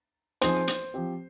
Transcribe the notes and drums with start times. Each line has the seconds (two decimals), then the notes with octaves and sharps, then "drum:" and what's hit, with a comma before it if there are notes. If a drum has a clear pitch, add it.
0.41 F3 C4 D#4 G#4 C5, drum: hi-hat
0.68 drum: hi-hat
0.94 F3 C4 G4